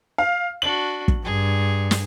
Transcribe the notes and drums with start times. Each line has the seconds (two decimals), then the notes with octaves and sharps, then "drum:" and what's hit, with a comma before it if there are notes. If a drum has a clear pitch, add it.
0.18 F5
0.62 D4 F#4 F#7
1.08 drum: kick
1.25 G2 G#4
1.91 drum: snare